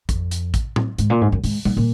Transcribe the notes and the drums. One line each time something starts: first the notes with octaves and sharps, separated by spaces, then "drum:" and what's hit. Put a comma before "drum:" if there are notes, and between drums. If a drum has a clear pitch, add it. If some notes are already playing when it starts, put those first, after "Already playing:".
F2, drum: kick A1, hi-hat
drum: hi-hat
drum: kick A1, hi-hat
drum: tom A2
G#2, drum: hi-hat
A#2
G#2
F#2
G#2, drum: open hi-hat
A#2, drum: tom G3
A#2